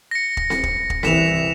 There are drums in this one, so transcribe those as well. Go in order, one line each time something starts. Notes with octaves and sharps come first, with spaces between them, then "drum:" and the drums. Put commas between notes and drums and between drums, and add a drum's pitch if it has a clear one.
A#6 C#7
drum: kick
drum: snare C4
drum: kick
drum: kick
C2 E3 B6 E7 F7, drum: snare C4